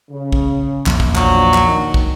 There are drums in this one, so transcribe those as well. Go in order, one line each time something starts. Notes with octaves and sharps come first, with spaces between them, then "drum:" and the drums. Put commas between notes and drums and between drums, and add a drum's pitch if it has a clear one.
C#3
drum: kick
A#1 E2, drum: clap
drum: kick
F3 F#3 D4, drum: clap
drum: clap
D#3
drum: kick